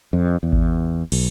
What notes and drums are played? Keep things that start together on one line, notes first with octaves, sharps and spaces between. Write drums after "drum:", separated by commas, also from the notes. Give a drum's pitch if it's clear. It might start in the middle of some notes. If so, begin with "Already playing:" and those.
F2
E2
drum: kick G#1
B1, drum: cymbal